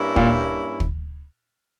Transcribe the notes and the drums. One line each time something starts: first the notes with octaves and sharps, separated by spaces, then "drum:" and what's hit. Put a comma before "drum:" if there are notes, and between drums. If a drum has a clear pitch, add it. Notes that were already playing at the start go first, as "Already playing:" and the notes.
Already playing: G2 G3 A#3 C#4 E4
A#2, drum: kick
drum: kick